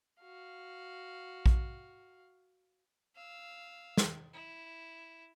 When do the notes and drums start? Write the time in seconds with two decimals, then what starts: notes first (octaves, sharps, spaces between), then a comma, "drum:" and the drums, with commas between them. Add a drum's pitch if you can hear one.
0.21 F#4 F5
1.46 drum: kick A#1
3.16 F5 E6
3.97 drum: snare
4.33 E4